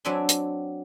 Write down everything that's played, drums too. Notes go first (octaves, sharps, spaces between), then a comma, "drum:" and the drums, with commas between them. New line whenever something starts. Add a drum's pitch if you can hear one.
F#3 C4 D4 E5 G#5 C6
drum: hi-hat